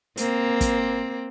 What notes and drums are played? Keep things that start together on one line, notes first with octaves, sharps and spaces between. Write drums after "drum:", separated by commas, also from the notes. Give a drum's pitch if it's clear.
A#3 C4, drum: hi-hat
drum: kick, hi-hat